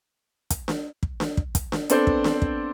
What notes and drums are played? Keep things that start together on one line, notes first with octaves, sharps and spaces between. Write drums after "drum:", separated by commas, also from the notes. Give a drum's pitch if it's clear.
drum: kick, hi-hat
drum: snare D4
drum: kick
drum: snare D4
drum: kick
drum: kick, hi-hat
drum: snare D4
B3 C4 D4 A4 C5, drum: hi-hat
drum: kick
drum: snare D4
drum: kick